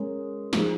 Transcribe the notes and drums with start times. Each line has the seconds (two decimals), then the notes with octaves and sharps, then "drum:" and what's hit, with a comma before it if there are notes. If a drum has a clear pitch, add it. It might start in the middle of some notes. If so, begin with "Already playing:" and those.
Already playing: G#3 C#4 A#4
0.53 F3 G#3 D#4 G#4, drum: snare